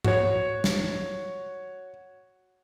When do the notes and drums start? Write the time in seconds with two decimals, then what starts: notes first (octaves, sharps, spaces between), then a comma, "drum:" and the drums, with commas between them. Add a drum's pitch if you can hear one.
0.05 F#4 C#5, drum: tom G#2
0.64 drum: snare